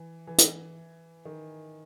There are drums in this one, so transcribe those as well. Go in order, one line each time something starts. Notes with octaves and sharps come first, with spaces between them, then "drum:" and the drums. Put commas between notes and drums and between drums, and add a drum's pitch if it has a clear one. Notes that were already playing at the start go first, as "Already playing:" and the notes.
Already playing: E3
E3
drum: hi-hat
D#3